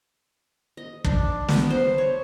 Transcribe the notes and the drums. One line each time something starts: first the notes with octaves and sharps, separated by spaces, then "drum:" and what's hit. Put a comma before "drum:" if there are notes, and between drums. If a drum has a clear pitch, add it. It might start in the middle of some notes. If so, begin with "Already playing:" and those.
D#5
D4, drum: kick
B3, drum: snare
C5
C#5